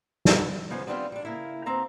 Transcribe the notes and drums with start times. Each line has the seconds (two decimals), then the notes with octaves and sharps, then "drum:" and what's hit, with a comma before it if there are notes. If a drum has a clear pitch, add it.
0.25 drum: snare
0.70 C#3 F3 G#3 B3 C#4
0.87 G3 B3 C4 D4 D#4 F4
1.12 G3 D4
1.25 C#3 A#3 E4
1.66 D#2 B3 C4 A#5